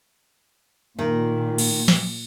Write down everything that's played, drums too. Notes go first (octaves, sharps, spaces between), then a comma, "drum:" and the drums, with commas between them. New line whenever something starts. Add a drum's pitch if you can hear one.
A#2 D#3
drum: cymbal
drum: snare